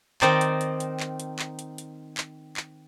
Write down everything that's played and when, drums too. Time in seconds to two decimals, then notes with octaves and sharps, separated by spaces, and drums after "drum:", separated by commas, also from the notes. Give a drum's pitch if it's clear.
0.22 D#3 C4 D#4 C5 D5, drum: clap
0.41 drum: hi-hat
0.61 drum: hi-hat
0.80 drum: hi-hat
1.00 drum: clap
1.20 drum: hi-hat
1.39 drum: clap
1.59 drum: hi-hat
1.78 drum: hi-hat
2.17 drum: clap
2.57 drum: clap